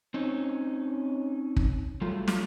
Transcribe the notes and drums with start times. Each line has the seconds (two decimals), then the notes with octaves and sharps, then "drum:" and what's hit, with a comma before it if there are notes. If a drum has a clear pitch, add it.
0.14 C4 C#4 D#4
1.56 drum: kick
2.02 F#3 G3 A3 F4
2.28 drum: snare